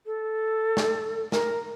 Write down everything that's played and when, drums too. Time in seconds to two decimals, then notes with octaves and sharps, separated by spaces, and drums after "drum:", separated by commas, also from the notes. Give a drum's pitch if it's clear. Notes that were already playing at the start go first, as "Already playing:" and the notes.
0.06 A4
0.77 drum: snare
1.32 A#4, drum: snare